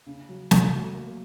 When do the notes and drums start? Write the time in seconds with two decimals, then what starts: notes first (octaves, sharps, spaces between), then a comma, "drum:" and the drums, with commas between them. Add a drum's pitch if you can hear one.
0.07 C#3
0.29 F#3
0.51 A3, drum: snare
0.72 F#3
0.95 A#3